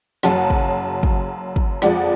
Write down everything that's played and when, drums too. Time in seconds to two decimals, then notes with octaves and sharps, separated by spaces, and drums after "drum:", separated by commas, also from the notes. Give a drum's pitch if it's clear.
0.23 F#1 F#2 C#3 F#3 F#5 A5, drum: snare
0.50 drum: kick
1.03 drum: kick
1.56 drum: kick
1.82 F2 F3 G#3 D5 F#5, drum: snare